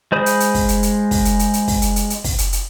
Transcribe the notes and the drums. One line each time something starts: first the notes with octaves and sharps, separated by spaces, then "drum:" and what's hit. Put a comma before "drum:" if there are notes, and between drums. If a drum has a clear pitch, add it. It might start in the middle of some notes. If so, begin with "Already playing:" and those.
G#3 C5 B5 D#6
drum: hi-hat
drum: hi-hat
drum: kick, open hi-hat
drum: hi-hat
drum: hi-hat
drum: kick, open hi-hat
drum: hi-hat
drum: hi-hat
drum: hi-hat
drum: kick, open hi-hat
drum: hi-hat
drum: hi-hat
drum: hi-hat
drum: kick, open hi-hat
drum: hi-hat
drum: hi-hat